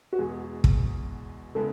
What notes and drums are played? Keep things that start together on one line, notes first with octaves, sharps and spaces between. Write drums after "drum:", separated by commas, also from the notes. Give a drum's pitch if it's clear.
F#4
E2 B2 G#3 G#4
drum: kick
C#3 G#3 B3 E4 A4